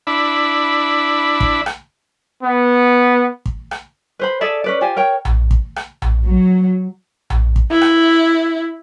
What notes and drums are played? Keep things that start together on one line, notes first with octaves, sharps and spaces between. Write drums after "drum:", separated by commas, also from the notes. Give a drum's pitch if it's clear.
D4 E4 B5
drum: kick
drum: rim click
B3
drum: kick
drum: rim click
B4 C5 B5
G#4 A4 D5 E5
C#4 B4 D5
F4 G4 C5 G#5
A#4 C#5 G5
drum: tom A#1
drum: kick
drum: rim click
drum: tom A#1
F#3
drum: tom A#1
drum: kick
E4
drum: rim click